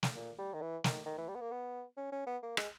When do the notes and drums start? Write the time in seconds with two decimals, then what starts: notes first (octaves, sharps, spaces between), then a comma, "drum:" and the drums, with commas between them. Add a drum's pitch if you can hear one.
0.03 drum: snare
0.15 A#2
0.38 G3
0.53 D#3
0.62 E3
0.84 D#3, drum: snare
1.06 D#3
1.18 E3
1.28 G3
1.35 B3
1.41 A#3
1.51 B3
1.97 C#4
2.12 C#4
2.27 B3
2.42 A#3
2.57 G#3, drum: rim click